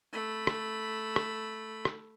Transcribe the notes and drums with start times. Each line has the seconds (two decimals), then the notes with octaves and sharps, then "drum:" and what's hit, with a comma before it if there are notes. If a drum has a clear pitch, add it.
0.13 A3 B5
0.47 drum: rim click
1.16 drum: rim click
1.85 drum: rim click